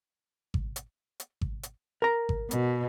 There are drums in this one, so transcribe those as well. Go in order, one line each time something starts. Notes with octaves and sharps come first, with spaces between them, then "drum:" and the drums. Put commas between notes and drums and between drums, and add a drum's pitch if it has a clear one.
drum: kick G#1
drum: hi-hat
drum: hi-hat
drum: kick G#1
drum: hi-hat
A#4 A#5
drum: kick G#1
B2, drum: hi-hat